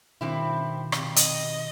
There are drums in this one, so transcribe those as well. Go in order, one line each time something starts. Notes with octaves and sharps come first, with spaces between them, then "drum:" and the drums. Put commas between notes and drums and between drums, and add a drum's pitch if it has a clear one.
G2 B2 D#3 C4 E4
F2 C3, drum: rim click
D#5, drum: hi-hat